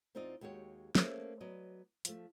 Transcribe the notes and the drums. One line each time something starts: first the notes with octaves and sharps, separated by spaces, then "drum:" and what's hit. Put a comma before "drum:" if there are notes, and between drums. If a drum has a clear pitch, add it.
E2 C4 D#4 F4 D5 D#5
D#2 G#3 F#4 G4 C#5
A3 A#3 C#4 G#4 C5 E5, drum: snare
F#3 B3 D5 D#5
F3 A3, drum: hi-hat